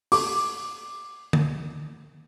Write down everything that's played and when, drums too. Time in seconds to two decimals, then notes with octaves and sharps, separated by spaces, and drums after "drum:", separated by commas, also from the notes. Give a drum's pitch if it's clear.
0.12 D6, drum: open hi-hat
1.33 drum: tom D3